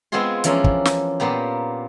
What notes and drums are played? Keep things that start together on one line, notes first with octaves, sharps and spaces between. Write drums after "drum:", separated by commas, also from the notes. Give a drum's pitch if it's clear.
G#3 B3 C4 F4 G#4 C6
E3 F3 C#4 D4 A#4, drum: hi-hat
drum: kick
drum: snare
A#2 A#3 B3 G4